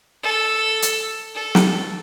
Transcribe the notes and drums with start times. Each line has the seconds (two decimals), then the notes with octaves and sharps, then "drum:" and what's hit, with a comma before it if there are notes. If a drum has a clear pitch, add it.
0.23 A4
0.83 drum: hi-hat
1.34 A4
1.55 drum: snare